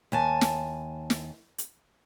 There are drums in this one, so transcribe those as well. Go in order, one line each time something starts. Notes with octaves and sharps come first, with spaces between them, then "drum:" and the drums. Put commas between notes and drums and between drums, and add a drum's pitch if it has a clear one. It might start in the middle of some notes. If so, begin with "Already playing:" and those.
D#2 G#5 A5
drum: snare
drum: snare
drum: hi-hat